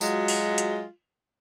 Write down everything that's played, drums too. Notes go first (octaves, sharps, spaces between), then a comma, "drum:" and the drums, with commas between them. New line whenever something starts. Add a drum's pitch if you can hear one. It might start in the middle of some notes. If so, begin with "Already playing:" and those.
F#3 G#3 F4 F#4, drum: tambourine
drum: open hi-hat
drum: hi-hat